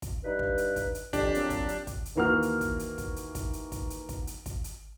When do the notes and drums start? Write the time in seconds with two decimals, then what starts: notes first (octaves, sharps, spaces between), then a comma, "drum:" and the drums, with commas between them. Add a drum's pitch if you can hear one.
0.02 drum: kick, hi-hat
0.24 G2 D#4 B4
0.39 drum: kick
0.58 drum: hi-hat
0.76 drum: kick, hi-hat
0.95 drum: hi-hat
1.13 F2 E3 D4 G4, drum: kick, hi-hat
1.35 A#2 F#3 C4, drum: hi-hat
1.50 drum: kick, hi-hat
1.69 drum: hi-hat
1.87 drum: kick, hi-hat
2.05 drum: hi-hat
2.15 D#2 E3 A#3 F#4 F6
2.42 drum: hi-hat
2.61 drum: kick, hi-hat
2.79 drum: hi-hat
2.98 drum: kick, hi-hat
3.16 drum: hi-hat
3.35 drum: kick, hi-hat
3.53 drum: hi-hat
3.72 drum: kick, hi-hat
3.90 drum: hi-hat
4.09 drum: kick, hi-hat
4.27 drum: hi-hat
4.46 drum: kick, hi-hat
4.64 drum: hi-hat